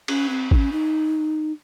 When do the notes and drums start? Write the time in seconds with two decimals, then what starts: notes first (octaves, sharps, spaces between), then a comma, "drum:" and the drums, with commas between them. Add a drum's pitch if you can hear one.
0.08 C#4, drum: cymbal
0.29 C4
0.51 D#4, drum: kick G#1
0.56 C#4
0.72 D#4